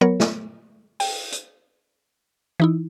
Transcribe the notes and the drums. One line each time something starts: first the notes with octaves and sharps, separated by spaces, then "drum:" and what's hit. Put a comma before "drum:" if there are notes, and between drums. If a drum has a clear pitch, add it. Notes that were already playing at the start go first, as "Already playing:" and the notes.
F#3 B3 A#4 C#5
drum: snare
G5, drum: open hi-hat
drum: hi-hat
E3 D#4 E4